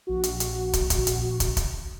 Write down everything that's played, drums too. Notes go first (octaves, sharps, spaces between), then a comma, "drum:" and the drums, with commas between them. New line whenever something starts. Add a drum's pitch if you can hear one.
A#1 F#4
drum: hi-hat
drum: hi-hat
drum: kick, hi-hat
drum: kick, hi-hat
drum: hi-hat
drum: kick, hi-hat
drum: kick, hi-hat